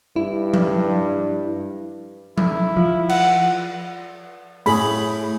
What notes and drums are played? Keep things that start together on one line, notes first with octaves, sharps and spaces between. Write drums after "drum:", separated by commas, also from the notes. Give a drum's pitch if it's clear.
G2 E4
drum: tom F3
E4, drum: tom F3
F3
F#5, drum: cymbal
A2 G#4 B5, drum: open hi-hat